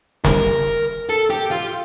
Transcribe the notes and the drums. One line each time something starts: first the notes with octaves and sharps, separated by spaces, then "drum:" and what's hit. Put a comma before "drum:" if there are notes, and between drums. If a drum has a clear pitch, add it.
A#4, drum: snare
A4
G4
F4